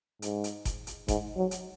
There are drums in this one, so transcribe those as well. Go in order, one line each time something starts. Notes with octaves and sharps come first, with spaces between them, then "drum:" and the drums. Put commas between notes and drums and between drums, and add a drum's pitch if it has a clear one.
G#2, drum: hi-hat
drum: hi-hat
drum: kick F#1, hi-hat
drum: hi-hat
G#2, drum: kick F#1, hi-hat
F#3
drum: hi-hat